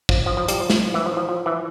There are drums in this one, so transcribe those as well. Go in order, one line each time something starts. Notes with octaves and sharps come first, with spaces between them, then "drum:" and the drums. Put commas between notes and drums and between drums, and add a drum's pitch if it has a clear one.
F3, drum: kick
F3
F3
G3, drum: hi-hat
F3
drum: snare
E3
F3
F3
F3
E3